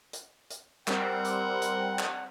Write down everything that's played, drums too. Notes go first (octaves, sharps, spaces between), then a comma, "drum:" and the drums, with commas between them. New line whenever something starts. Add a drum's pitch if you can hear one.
drum: hi-hat
drum: hi-hat
G3 C4 A#4 F#5, drum: clap
drum: hi-hat
drum: hi-hat
drum: clap